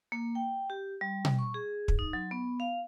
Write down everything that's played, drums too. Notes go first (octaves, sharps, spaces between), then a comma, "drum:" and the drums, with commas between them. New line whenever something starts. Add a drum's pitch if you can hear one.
A#3
G5
G4
G3
drum: tom B2
C#6
G#4
drum: kick
D#4
F#3
B3
F5